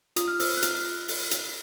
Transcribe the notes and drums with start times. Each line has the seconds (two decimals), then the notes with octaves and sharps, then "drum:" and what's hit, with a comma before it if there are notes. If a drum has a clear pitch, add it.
0.16 F4 D#6, drum: hi-hat
0.28 F6
0.40 C5 E6, drum: open hi-hat
0.57 F#6
0.62 F4 F6, drum: hi-hat
1.08 drum: open hi-hat
1.31 drum: hi-hat